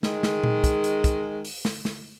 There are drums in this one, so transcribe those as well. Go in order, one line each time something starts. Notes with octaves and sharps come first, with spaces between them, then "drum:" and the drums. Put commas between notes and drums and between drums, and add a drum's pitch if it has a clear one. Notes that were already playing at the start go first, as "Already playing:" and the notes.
D#3 G#3, drum: snare
drum: snare
drum: tom A#2
drum: kick, hi-hat
drum: hi-hat
drum: kick, hi-hat
drum: open hi-hat
drum: snare
drum: snare